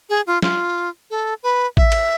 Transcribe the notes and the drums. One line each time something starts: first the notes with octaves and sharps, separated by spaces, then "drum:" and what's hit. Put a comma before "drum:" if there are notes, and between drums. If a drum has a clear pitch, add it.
G#4
F4
F4, drum: snare
A4
B4
E5, drum: kick A1
drum: cymbal